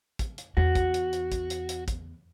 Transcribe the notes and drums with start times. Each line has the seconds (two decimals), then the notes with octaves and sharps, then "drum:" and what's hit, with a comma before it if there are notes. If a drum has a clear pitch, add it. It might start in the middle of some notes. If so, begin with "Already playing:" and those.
0.19 drum: kick, hi-hat
0.38 drum: hi-hat
0.57 E2 F#4
0.75 drum: kick, hi-hat
0.94 drum: hi-hat
1.13 drum: hi-hat
1.32 drum: kick, hi-hat
1.50 drum: hi-hat
1.69 drum: hi-hat
1.88 drum: kick, hi-hat